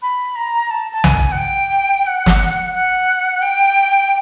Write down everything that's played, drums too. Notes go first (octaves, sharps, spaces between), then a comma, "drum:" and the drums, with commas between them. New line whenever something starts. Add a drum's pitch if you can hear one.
B5
A#5
A5
A5
G#5, drum: tom B1
F#5
G5
F#5
drum: snare
F#5
G5